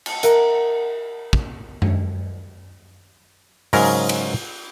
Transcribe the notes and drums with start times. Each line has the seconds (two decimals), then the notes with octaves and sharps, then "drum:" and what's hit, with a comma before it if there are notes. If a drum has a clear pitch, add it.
0.06 drum: cymbal
0.23 A#4 E5 F#5, drum: hi-hat
1.33 drum: kick
1.82 drum: tom F#2
3.73 G#2 C#3 F#3 C#4 A#4, drum: open hi-hat
4.09 drum: cymbal